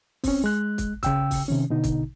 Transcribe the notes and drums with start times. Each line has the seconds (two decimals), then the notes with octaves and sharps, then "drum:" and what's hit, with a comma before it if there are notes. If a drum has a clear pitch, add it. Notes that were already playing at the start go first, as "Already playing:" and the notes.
0.24 C4 C#4, drum: kick, open hi-hat
0.44 G#3 F#6
0.78 drum: kick, hi-hat
1.03 C#3 G5 E6, drum: kick, hi-hat
1.31 drum: kick, open hi-hat
1.48 C3 D#3 C#4
1.70 B2 D3 D#4
1.84 drum: kick, hi-hat